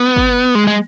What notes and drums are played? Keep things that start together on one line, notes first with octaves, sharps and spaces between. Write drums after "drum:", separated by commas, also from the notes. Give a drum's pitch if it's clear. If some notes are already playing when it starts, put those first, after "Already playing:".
Already playing: B3
drum: kick G1
G#3
G#3